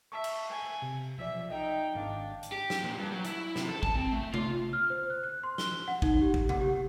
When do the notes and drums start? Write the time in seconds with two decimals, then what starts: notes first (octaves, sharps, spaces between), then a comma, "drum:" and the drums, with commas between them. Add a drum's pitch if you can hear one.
0.12 E5 A5 C#6
0.24 drum: cymbal
0.50 G#5
0.82 C3
1.18 B1 F3 D5 E5
1.50 D#4 D#5 G5
1.95 G#1 D4 F5
2.43 drum: hi-hat
2.52 G4
2.70 drum: snare
2.83 A#2
2.98 G2
3.12 F#3
3.24 E4, drum: hi-hat
3.56 C3, drum: snare
3.68 A4
3.83 A5, drum: kick G#1
3.95 C4
4.12 A3
4.34 F4, drum: tom C3
4.73 F6
4.90 C5
5.10 F#6
5.24 F#6
5.43 C6
5.58 G7, drum: snare
5.88 F#5
6.02 D#4, drum: kick G#1
6.21 G4
6.34 drum: kick G#1
6.49 F#5, drum: tom C3
6.61 G4